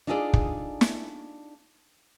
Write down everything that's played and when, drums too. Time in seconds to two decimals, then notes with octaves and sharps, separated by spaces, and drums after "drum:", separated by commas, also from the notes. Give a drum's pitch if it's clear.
0.07 D4 D#4 F4 G#4 A4 D5
0.33 drum: kick
0.81 drum: snare